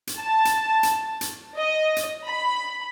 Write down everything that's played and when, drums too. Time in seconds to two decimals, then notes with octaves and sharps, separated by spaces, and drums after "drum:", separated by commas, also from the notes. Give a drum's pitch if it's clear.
0.07 drum: hi-hat
0.18 A5
0.45 drum: hi-hat
0.83 drum: hi-hat
1.21 drum: hi-hat
1.59 D#5
1.97 drum: hi-hat
2.29 B5